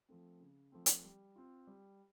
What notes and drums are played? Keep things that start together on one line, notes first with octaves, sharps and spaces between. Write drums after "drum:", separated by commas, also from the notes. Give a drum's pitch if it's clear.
F3 A3 C4
C#3
F3 A3 C4
drum: hi-hat
G3
C4 F4
G3